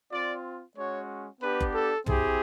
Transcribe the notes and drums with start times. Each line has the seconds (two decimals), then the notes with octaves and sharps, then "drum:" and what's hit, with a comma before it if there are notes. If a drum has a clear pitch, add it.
0.11 C4 F4 D5
0.76 G#3 C#4 F#4 C#5
1.41 B3 D4 G4 B4
1.61 drum: kick F#1
1.74 A4
2.06 C4 E4 G4 G#4, drum: tom